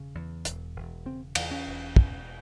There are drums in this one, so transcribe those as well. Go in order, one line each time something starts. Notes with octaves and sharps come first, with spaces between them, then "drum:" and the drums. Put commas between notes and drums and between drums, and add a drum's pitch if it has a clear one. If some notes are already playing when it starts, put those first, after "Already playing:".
Already playing: E1 C#3
E2
E1, drum: hi-hat
E1
C#3 C4
E2, drum: cymbal
C#4
E1
E1, drum: kick